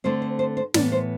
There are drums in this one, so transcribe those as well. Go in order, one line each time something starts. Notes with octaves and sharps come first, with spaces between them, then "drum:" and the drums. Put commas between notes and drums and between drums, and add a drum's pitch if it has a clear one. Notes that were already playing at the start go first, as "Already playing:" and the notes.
D3 A3 C4 C5
C5
C5
C5
A2 E3 B3 D5, drum: snare
C5